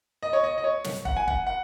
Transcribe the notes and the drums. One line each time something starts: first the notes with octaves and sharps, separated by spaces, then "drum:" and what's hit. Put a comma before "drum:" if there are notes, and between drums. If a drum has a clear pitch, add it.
D#5
C#5
D#5
D#5
C#5
drum: snare
F#5, drum: kick
G#5
F#5, drum: kick
F#5